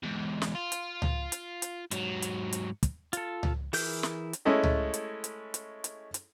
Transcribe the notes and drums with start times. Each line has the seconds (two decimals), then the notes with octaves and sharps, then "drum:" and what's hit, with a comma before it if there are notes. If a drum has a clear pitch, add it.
0.03 E2 G#2
0.42 drum: snare
0.55 F4
0.72 drum: hi-hat
1.02 drum: tom C#2
1.32 drum: hi-hat
1.62 drum: hi-hat
1.91 G#2 F#3, drum: hi-hat
2.22 drum: hi-hat
2.53 drum: hi-hat
2.83 drum: kick, hi-hat
3.13 F4 A4, drum: hi-hat
3.43 drum: tom C#2
3.73 E3 E4 G#4 A#4 G6, drum: open hi-hat
4.03 drum: snare
4.33 drum: hi-hat
4.45 G#3 A3 C#4 E4 A4 D#5
4.63 drum: tom C#2
4.94 drum: hi-hat
5.24 drum: hi-hat
5.54 drum: hi-hat
5.84 drum: hi-hat
6.14 drum: hi-hat